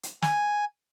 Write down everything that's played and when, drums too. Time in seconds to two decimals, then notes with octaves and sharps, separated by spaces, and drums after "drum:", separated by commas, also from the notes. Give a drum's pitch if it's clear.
0.03 drum: hi-hat
0.22 G#5, drum: snare